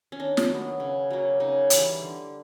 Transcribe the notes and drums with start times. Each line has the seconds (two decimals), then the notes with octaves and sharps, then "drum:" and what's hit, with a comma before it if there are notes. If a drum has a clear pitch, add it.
0.12 C#4
0.20 D#3 D4
0.37 drum: snare
0.50 F#3 B3
0.80 C#3
1.10 F#3 A#3
1.40 C#3 D#4
1.70 E3 G3, drum: hi-hat
2.01 D3